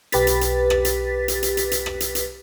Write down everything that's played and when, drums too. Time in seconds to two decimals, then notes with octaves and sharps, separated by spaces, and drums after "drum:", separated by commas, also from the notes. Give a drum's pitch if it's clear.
0.12 B1 G4 B4 A6 B6, drum: hi-hat
0.27 drum: hi-hat
0.41 drum: hi-hat
0.70 drum: rim click
0.85 drum: hi-hat
1.28 drum: hi-hat
1.43 drum: hi-hat
1.57 drum: hi-hat
1.71 drum: hi-hat
1.86 drum: rim click
2.00 drum: hi-hat
2.15 drum: hi-hat